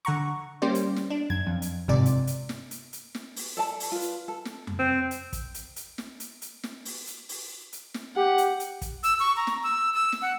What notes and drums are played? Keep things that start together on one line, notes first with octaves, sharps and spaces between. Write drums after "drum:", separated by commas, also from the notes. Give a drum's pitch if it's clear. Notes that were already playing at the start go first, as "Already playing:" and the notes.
D3 F#5 A#5 C#6
G3 A#3 C#4 G4 C5 D5
drum: hi-hat
drum: snare
D4
F#2 G#6
F2
drum: hi-hat
G1 G#2 C3 D5
drum: hi-hat
drum: hi-hat
drum: snare
drum: hi-hat
drum: hi-hat
drum: snare
drum: open hi-hat
A4 D5 A5
drum: open hi-hat
F4 B4
drum: hi-hat
A4
drum: snare
drum: tom F2
C4
drum: hi-hat
drum: kick, hi-hat
drum: hi-hat
drum: hi-hat
drum: snare
drum: hi-hat
drum: hi-hat
drum: snare
drum: open hi-hat
drum: hi-hat
drum: open hi-hat
drum: hi-hat
drum: snare
G4 F#5
drum: hi-hat
drum: hi-hat
drum: kick, hi-hat
E6, drum: hi-hat
C#6
A#5
drum: snare
E6
E6
drum: snare
F#5